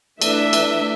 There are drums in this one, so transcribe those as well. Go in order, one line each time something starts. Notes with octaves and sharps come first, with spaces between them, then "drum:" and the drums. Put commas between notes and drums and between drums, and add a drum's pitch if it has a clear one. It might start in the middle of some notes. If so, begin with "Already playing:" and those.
E3 A3 D4 E5, drum: cymbal
drum: cymbal